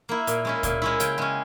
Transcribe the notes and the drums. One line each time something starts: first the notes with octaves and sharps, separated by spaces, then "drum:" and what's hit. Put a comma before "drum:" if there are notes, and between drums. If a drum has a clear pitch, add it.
A#3 E4
A#2, drum: hi-hat
G#3 C#4 E4
A#2, drum: kick C#2, hi-hat
G#3 C#4 E4
C#3 G5, drum: hi-hat
G#3 C#4